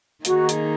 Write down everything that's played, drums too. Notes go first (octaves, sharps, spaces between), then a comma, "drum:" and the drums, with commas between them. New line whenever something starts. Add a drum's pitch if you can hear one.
D#3 A#3 D#4 F#4 G#4, drum: hi-hat
drum: hi-hat